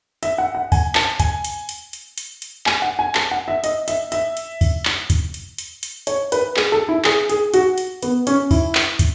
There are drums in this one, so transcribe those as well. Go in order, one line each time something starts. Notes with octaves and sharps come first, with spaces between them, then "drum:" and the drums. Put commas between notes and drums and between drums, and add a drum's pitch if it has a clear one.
E5, drum: hi-hat
F#5
F#5
G#5, drum: kick, open hi-hat
A5, drum: clap
G#5, drum: kick, hi-hat
drum: hi-hat
drum: hi-hat
drum: hi-hat
drum: hi-hat
drum: hi-hat
G#5, drum: clap
F#5
G#5
A5, drum: clap
F#5
E5
D#5, drum: hi-hat
E5, drum: hi-hat
E5, drum: hi-hat
drum: hi-hat
drum: kick, open hi-hat
drum: clap
drum: kick, hi-hat
drum: hi-hat
drum: hi-hat
drum: hi-hat
C#5, drum: hi-hat
B4, drum: hi-hat
G#4, drum: clap
A4
E4
G#4, drum: clap
G#4, drum: hi-hat
F#4, drum: hi-hat
drum: hi-hat
B3, drum: hi-hat
C#4, drum: hi-hat
E4, drum: kick, open hi-hat
drum: clap
drum: kick, hi-hat